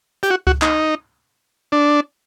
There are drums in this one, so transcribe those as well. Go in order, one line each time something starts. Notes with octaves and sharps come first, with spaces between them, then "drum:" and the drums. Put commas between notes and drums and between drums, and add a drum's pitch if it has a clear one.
G4, drum: hi-hat
F#4
F#4, drum: kick C#2
D#4, drum: clap
D4